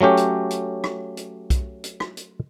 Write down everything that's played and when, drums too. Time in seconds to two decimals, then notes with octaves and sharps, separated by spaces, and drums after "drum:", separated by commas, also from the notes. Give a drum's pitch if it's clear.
0.01 F#3 A3 C#4 G4
0.17 drum: hi-hat
0.50 drum: hi-hat
0.84 drum: rim click
1.17 drum: hi-hat
1.50 drum: kick B1, hi-hat
1.84 drum: hi-hat
2.00 drum: rim click
2.17 drum: hi-hat